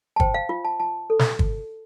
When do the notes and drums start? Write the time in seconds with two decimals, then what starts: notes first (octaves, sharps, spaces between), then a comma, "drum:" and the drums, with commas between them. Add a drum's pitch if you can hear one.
0.16 A5
0.20 C5 G5, drum: kick
0.34 F5
0.49 F4 F5
0.65 A5
0.80 F4 A5
1.10 A4
1.19 drum: snare
1.39 drum: kick